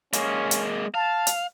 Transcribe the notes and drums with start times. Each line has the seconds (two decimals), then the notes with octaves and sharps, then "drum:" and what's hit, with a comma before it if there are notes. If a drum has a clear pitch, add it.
0.13 G#3 A#3 C#4, drum: hi-hat
0.51 drum: hi-hat
0.94 F5 A5
1.27 drum: hi-hat